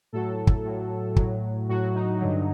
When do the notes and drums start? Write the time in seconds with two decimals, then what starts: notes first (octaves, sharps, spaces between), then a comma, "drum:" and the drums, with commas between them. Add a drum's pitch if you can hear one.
0.13 A2 F#3 A4
0.47 drum: kick
0.64 A2 F#3
1.16 A2 F#3, drum: kick
1.69 A2 F#3 F#4
1.95 D#4
2.20 G2 D3 F#3